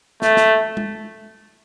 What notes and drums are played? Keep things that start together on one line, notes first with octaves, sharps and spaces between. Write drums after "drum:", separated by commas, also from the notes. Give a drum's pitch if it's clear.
A3, drum: snare
drum: snare
drum: tom G#3